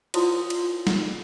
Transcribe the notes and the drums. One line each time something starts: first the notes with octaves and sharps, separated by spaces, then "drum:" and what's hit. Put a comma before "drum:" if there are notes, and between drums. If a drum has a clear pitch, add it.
E4 F4 C5 C6 D#6, drum: cymbal
drum: cymbal
drum: snare